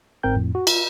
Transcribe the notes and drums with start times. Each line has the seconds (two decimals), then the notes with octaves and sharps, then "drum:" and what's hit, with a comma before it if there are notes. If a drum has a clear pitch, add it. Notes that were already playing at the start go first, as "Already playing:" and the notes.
0.23 G1 G#2 C4 A#4 G5 G6
0.36 F2 A2
0.55 F#4
0.67 F4, drum: cymbal